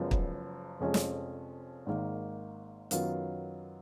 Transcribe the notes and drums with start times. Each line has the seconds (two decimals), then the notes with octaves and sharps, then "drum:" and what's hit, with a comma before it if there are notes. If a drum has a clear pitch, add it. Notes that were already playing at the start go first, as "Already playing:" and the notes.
Already playing: F#1 F#2 F3 G#3 B3
0.11 drum: kick
0.80 F1 F2 F3 G#3 C#4
0.94 drum: snare
1.86 G#1 G#2 D#3 A#3
2.91 F#2 D#3 F#3 B3 F4, drum: hi-hat